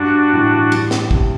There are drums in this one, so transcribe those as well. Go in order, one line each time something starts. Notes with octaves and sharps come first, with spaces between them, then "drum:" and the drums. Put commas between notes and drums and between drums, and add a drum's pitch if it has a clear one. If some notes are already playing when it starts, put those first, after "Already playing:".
Already playing: G2 D4 F#4
A1
G3, drum: cymbal
drum: snare
C3, drum: kick